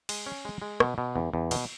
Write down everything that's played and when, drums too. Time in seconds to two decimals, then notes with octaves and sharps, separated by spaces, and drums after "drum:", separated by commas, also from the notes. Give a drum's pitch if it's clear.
0.09 G#3, drum: cymbal
0.26 C#4
0.45 G#3
0.62 G#3
0.80 B2, drum: rim click
0.98 B2
1.16 E2
1.34 E2
1.51 B2, drum: cymbal